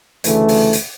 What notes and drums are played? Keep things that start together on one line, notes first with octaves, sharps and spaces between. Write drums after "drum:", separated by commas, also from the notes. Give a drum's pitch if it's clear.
D2 C#3 E3 A3, drum: hi-hat
drum: open hi-hat
drum: hi-hat